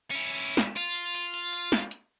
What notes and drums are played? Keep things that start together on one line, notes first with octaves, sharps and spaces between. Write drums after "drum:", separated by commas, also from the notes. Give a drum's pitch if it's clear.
C#4 E4
drum: hi-hat
drum: snare
F4, drum: hi-hat
drum: hi-hat
drum: hi-hat
drum: hi-hat
drum: hi-hat
drum: snare
drum: hi-hat